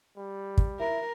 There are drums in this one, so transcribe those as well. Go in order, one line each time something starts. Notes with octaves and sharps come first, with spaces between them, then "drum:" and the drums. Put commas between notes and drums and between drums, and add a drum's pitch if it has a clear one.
G3
drum: kick
E4 A#4